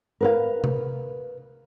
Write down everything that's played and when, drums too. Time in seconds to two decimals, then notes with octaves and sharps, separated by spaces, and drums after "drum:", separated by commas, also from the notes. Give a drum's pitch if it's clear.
0.21 A#4 B4 F5
0.64 drum: tom C3